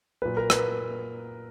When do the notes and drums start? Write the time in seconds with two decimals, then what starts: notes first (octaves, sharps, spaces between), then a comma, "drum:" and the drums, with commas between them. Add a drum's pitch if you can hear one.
0.22 A#2 F#3 B4
0.37 A#4
0.50 B4, drum: rim click